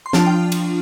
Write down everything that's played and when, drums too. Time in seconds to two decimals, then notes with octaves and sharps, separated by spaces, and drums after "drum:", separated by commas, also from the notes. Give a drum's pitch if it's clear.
0.06 C6
0.13 F3 D4 F4 A5, drum: snare
0.26 G5
0.52 drum: cymbal